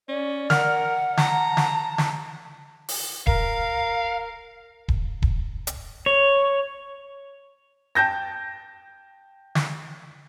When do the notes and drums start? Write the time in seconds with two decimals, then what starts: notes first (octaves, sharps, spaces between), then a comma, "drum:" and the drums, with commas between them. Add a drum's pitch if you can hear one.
0.08 C#4 D5
0.50 A#4 F#5 F6, drum: snare
1.17 A5 A#5, drum: snare
1.57 drum: snare
1.98 drum: snare
2.88 drum: open hi-hat
3.27 A#4 F5, drum: kick D#1
4.88 drum: kick D#1
5.22 drum: kick D#1
5.67 drum: hi-hat
6.06 C#5
7.95 G5 A5 G6 A#6
9.55 drum: snare